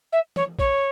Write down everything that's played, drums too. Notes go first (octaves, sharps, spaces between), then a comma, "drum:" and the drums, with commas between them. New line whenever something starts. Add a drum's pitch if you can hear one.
E5
C#5, drum: tom
C#5, drum: kick A#1